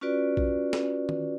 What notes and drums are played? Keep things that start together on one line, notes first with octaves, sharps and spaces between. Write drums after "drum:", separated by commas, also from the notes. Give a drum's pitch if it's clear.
C#4 F4 F#4 B4 D5
drum: kick A#1
drum: snare C#4
drum: tom D#3